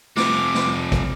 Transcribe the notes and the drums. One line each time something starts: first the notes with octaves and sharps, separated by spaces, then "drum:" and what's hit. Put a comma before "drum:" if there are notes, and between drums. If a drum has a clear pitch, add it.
C3 F3 D6, drum: snare
drum: snare
drum: kick, hi-hat